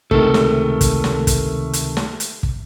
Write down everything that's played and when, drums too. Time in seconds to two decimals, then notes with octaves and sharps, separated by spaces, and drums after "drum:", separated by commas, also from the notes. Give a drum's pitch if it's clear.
0.11 C#2 C3 D#3 A3 A4 A#4, drum: kick
0.34 drum: snare
0.81 drum: kick, hi-hat
1.04 drum: snare
1.27 drum: kick, hi-hat
1.73 drum: hi-hat
1.97 drum: snare
2.20 drum: hi-hat
2.43 drum: kick